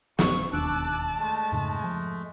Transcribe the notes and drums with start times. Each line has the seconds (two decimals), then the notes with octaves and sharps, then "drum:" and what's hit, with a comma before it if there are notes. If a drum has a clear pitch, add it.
0.19 A1 F#2 C#6, drum: snare
0.53 E1 D#2 D4 A5 D6 E6 F#6
1.18 G#3 A3
1.52 F2 G#2 C#3
1.84 F3